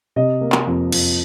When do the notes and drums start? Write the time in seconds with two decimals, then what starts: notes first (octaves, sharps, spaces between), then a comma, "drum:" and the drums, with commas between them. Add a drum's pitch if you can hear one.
0.16 C3 D#5
0.41 A#3
0.52 drum: clap
0.67 F2
0.92 F2, drum: cymbal